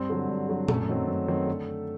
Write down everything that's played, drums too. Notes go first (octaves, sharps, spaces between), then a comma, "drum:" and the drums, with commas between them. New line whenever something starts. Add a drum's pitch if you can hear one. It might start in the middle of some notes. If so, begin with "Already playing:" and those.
Already playing: G2 C4 C5
D3 F#3
G2
D3 F#3
F#2 A3 A4, drum: tom A#2
D#3 F#3 C4
F#2
D#3 F#3 C4
D3